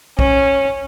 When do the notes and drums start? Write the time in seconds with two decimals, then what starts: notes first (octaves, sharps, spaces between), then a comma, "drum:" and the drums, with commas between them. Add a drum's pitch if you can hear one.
0.19 C#4, drum: kick B1